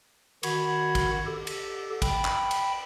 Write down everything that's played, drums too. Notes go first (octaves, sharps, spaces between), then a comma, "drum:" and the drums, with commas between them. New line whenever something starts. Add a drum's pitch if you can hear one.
D#3 F#4 F#5 B5 G#6, drum: cymbal
drum: kick, cymbal
G4 A4
drum: cymbal
G5 B5, drum: kick, cymbal
drum: clap
drum: cymbal